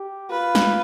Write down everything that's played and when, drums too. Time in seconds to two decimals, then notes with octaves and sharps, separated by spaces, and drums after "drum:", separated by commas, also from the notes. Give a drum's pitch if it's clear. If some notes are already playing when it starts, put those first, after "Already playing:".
Already playing: G4
0.30 F4 B4
0.55 drum: snare